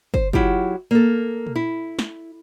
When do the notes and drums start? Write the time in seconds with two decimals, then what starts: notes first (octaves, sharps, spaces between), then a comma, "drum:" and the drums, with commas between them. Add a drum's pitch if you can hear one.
0.14 C5, drum: kick
0.33 F#3 E4 F4 G4, drum: kick
0.91 A#3 A4
1.46 drum: tom A#2
1.56 E4
1.99 drum: snare